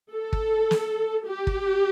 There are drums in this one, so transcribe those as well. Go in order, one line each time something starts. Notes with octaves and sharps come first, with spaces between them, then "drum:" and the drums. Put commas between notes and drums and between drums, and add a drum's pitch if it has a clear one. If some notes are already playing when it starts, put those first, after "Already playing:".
A4
drum: kick
drum: snare
G4
drum: kick